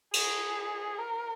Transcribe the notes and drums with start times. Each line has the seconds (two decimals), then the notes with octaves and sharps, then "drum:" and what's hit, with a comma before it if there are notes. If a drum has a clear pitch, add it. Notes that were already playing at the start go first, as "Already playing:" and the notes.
0.13 G#4, drum: cymbal
0.99 A#4